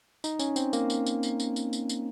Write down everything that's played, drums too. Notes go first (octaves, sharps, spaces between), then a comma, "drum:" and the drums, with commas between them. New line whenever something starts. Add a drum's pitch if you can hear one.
D#4, drum: tambourine
C#4, drum: tambourine
C4, drum: tambourine
A#3, drum: tambourine
drum: tambourine
drum: tambourine
drum: tambourine
drum: tambourine
drum: tambourine
drum: tambourine
drum: tambourine